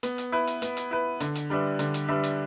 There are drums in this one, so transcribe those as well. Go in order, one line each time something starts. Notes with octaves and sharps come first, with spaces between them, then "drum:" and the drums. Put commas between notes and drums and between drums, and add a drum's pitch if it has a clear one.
B3, drum: hi-hat
drum: hi-hat
E4 B4
drum: hi-hat
B3, drum: hi-hat
drum: hi-hat
E4 B4
D3, drum: hi-hat
drum: hi-hat
G3 D4 B4 E5
D3, drum: hi-hat
drum: hi-hat
G3 D4 B4 E5
drum: hi-hat